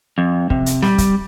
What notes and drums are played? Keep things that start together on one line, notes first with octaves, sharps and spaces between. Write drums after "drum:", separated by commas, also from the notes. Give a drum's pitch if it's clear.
F2
C3, drum: kick
drum: hi-hat
G3, drum: snare
drum: kick, hi-hat